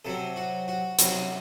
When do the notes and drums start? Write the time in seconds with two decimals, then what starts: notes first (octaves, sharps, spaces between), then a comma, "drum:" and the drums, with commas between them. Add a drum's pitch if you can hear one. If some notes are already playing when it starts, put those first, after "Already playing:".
0.05 C3 F#3 C4 A4
0.36 F#4
0.68 F#4
0.99 C3 F#3 C4 F#4, drum: hi-hat